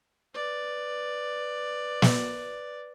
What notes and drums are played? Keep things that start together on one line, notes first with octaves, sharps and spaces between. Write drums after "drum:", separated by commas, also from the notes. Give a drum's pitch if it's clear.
B4 D5
drum: snare